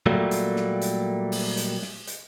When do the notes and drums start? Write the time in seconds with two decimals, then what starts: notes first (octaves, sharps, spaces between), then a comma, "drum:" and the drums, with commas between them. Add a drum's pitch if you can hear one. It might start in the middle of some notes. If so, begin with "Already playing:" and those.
0.06 A#2 F#3 G3 A3 A#3
0.31 drum: hi-hat
0.56 drum: snare
0.81 drum: hi-hat
1.32 drum: open hi-hat
1.57 drum: hi-hat
1.82 drum: snare
2.07 drum: hi-hat